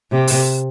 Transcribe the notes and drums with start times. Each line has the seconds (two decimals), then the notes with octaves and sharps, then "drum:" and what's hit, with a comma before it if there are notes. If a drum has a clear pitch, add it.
0.12 C3
0.27 drum: open hi-hat